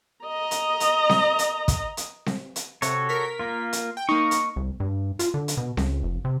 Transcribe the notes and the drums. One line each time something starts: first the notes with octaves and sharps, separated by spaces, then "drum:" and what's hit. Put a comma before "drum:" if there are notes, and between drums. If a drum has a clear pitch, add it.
D#5 A#5
drum: hi-hat
drum: hi-hat
drum: snare C4
drum: hi-hat
drum: kick, hi-hat
drum: hi-hat
drum: snare C4
drum: hi-hat
C3 F#4 A4 C#5, drum: hi-hat
A#4 B6
A#3 F4
drum: hi-hat
G5
A#3 D#4 C#6
drum: hi-hat
C2
G2
F4, drum: hi-hat
D3
drum: hi-hat
B2
C#2, drum: snare C4
F1
C3